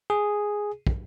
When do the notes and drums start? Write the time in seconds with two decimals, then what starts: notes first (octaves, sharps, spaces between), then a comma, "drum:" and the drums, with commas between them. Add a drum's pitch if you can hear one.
0.10 G#4
0.87 drum: kick